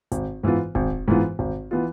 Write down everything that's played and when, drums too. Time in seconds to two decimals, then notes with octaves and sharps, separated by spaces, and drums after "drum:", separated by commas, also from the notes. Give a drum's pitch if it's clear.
0.12 G#1, drum: hi-hat
0.43 G#2 E3 B3 F4
0.75 G#1, drum: kick D#1
1.08 G#2 E3 B3 F4
1.39 G#1
1.71 E3 B3 F4